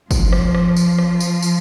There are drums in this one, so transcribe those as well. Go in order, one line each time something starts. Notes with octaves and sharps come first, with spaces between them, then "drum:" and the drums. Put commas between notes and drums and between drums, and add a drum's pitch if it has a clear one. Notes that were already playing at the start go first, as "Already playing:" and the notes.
F3, drum: kick, tambourine
drum: rim click
drum: rim click
drum: tambourine
drum: rim click
drum: tambourine
drum: tambourine